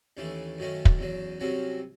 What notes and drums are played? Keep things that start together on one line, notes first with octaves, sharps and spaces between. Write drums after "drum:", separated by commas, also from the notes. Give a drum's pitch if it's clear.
D#2 C#3 E3 A3
F#2 D#3 A3 C#4
drum: kick
E2 C#3 F#3
C2 C3 F#3 C#4